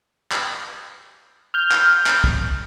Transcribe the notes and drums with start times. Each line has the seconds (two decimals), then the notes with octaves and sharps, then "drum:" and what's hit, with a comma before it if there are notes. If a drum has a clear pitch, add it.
0.32 drum: clap
1.54 F6 G6
1.71 drum: clap
2.06 drum: clap
2.24 drum: kick